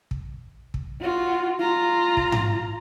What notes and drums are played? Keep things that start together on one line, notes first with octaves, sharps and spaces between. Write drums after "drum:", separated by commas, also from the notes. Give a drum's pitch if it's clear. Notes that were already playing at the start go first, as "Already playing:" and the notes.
drum: kick
drum: kick
F4 F#4
F4 A#5
drum: kick
drum: tom G#2